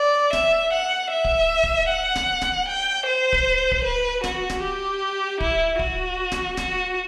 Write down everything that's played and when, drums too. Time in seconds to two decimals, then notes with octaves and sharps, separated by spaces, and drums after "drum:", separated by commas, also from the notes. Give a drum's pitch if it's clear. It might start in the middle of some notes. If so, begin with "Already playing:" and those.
Already playing: D5
0.33 E5, drum: snare D1
0.73 F#5
1.12 E5
1.25 drum: kick D1
1.64 drum: kick D1
1.90 F#5
2.16 drum: snare D1
2.42 drum: snare D1
2.68 G5
3.07 C5
3.33 drum: kick D1
3.72 drum: kick D1
3.84 B4
4.24 F#4, drum: snare D1
4.50 drum: snare D1
4.63 G4
5.40 E4, drum: kick D1
5.79 F#4, drum: kick D1
6.32 drum: snare D1
6.57 F#4, drum: snare D1